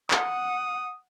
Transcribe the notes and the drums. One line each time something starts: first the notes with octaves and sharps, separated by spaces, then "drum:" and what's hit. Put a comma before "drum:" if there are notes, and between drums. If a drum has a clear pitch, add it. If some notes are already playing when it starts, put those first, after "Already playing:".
F#5 D#6, drum: clap